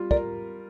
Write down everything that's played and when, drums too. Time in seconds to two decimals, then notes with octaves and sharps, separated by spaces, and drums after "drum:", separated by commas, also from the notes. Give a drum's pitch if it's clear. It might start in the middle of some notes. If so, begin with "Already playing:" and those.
Already playing: G3 F4
0.11 A#4 D5, drum: kick